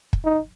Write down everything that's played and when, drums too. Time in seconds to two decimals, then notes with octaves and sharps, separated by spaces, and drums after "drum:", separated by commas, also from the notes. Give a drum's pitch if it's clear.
0.13 drum: kick
0.25 D#4